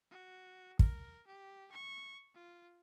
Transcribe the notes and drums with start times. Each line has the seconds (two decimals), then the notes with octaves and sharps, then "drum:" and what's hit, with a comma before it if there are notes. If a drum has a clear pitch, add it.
0.11 F#4
0.79 A#4, drum: kick
1.27 G4
1.72 C#6
2.35 F4